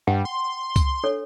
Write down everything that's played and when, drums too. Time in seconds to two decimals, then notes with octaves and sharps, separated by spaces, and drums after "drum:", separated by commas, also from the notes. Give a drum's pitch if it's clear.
0.07 G2 F#5 G5
0.25 C6
0.76 drum: kick C#2, tambourine
1.04 D4 A4 C#5